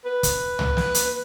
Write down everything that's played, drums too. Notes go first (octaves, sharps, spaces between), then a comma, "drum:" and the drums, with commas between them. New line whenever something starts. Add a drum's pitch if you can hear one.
B4
drum: kick, hi-hat
drum: tom
drum: snare
drum: hi-hat